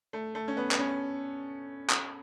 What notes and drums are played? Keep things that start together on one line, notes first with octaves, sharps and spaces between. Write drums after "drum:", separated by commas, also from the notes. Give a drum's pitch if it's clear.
A3
A3
C#4
B3
B3, drum: clap
C#4
drum: clap